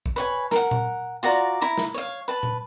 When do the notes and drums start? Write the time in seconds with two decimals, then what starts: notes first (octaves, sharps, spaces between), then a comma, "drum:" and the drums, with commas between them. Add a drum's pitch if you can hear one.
0.06 drum: kick
0.16 B4 C#5 G#5
0.51 A#4 F#5, drum: snare
0.71 drum: tom A#2
1.23 F4 F#4 D5 A#5
1.61 E4 A#5
1.78 drum: snare
1.94 C#5 F5
2.28 B4 A5
2.43 drum: tom A#2